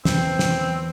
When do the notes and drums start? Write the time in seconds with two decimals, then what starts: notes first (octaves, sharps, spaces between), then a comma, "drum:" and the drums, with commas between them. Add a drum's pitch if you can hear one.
0.05 E2 C4, drum: snare
0.39 drum: snare